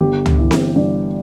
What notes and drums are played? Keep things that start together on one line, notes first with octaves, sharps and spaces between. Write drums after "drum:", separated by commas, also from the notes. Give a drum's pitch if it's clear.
G1 G4
drum: tom C#2
E3
drum: snare C4
G2